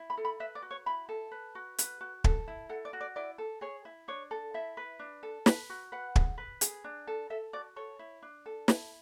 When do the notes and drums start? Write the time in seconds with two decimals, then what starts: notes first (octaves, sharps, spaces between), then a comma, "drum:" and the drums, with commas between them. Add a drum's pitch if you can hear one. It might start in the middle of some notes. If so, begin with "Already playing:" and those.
Already playing: E4
0.10 B5
0.17 A4
0.25 B5
0.40 B4 E5
0.55 D5
0.62 F#4
0.71 C#5
0.86 E4 B5
1.09 A4
1.31 B4
1.55 F#4
1.78 B4, drum: hi-hat
2.01 F#4
2.24 A4, drum: kick
2.47 E4
2.69 A4 F#5
2.85 D5
2.93 F#4
3.01 D5
3.16 E4 D5
3.38 A4
3.61 G#4 C#5
3.85 E4
4.08 D4 C#5
4.31 A4
4.54 E4 E5
4.77 B4
4.99 D4
5.23 A4
5.46 B4, drum: snare
5.70 F#4
5.92 B4 F#5
6.16 G#4, drum: kick
6.38 B4
6.61 G#4, drum: hi-hat
6.84 D4
7.07 A4
7.30 A4 E5
7.53 F#4 D5
7.76 A4 C#5
7.99 E4
8.22 D4
8.46 A4
8.68 E4, drum: snare